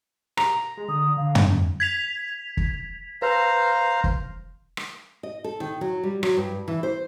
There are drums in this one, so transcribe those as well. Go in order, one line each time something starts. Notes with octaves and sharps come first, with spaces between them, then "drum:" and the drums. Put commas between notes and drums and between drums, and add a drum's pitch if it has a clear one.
A#5, drum: rim click
G#3
D3 D#6
D3 F5
drum: tom
G#6 B6 F7
drum: kick
B4 C5 F5 A#5
drum: kick
drum: rim click
D#5
A4
D#3
F#3
G3
F#3, drum: rim click
G2
E3
C5